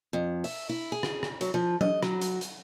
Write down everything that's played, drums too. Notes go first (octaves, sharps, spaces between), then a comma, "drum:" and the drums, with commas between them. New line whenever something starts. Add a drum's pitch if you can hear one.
F2
E5, drum: open hi-hat
E4
G#4
drum: rim click
drum: rim click
F#3, drum: hi-hat
F3
D#5, drum: tom F#3
F#3, drum: rim click
drum: hi-hat
drum: hi-hat